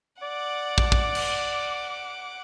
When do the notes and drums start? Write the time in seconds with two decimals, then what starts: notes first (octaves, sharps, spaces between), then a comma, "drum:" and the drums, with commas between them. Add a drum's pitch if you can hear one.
0.22 D5 F#5 D6
0.78 drum: kick
0.92 drum: kick
1.15 drum: cymbal